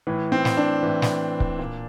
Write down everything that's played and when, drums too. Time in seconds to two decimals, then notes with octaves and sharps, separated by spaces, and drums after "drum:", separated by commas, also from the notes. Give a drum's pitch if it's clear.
0.07 A2 E3
0.32 C4
0.45 drum: snare
0.57 D4
0.83 A2 E3
1.02 drum: snare
1.40 drum: kick C#1
1.59 A#2